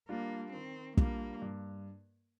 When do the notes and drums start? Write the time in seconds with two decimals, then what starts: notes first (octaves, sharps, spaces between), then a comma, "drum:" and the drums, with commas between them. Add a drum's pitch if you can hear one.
0.09 G3 A#3 D4 F4
0.53 D#3 C4
0.97 G3 A#3 D4 F4, drum: kick
1.42 G2